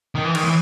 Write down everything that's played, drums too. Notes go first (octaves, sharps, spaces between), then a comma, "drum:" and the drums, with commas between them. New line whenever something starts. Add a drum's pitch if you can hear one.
D#3
E3
D#3, drum: cymbal
E3